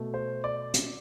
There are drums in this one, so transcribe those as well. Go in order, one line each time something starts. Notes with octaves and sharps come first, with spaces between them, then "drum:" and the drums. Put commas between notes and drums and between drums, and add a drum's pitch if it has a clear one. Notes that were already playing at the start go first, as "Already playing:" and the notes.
Already playing: B2 A3
C5
D5
drum: hi-hat